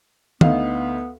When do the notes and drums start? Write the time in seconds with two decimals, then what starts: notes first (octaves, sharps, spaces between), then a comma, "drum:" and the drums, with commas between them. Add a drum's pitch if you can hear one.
0.41 D2 B3 D#4 F5, drum: tom